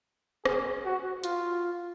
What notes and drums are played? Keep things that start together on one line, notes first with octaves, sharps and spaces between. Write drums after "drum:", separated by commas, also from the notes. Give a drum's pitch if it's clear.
G#4, drum: rim click
F#4
F4, drum: hi-hat